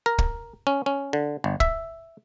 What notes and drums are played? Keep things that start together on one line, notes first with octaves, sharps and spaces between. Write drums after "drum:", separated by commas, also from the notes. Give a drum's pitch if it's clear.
A#4
drum: kick
C#4
C#4
D3
G1
E5, drum: kick